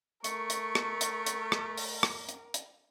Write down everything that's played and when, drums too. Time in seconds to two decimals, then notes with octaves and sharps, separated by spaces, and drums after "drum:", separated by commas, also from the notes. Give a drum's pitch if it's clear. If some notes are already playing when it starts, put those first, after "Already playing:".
0.24 A3 A#4 C#6, drum: hi-hat
0.50 drum: hi-hat
0.75 drum: rim click
1.01 drum: hi-hat
1.26 drum: hi-hat
1.52 drum: rim click
1.78 drum: open hi-hat
2.03 drum: rim click
2.29 drum: hi-hat
2.54 drum: hi-hat